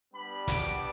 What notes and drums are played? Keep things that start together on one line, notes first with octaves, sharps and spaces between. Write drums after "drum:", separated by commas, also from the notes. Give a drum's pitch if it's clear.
G3 B3 D4 B5
D6, drum: kick, hi-hat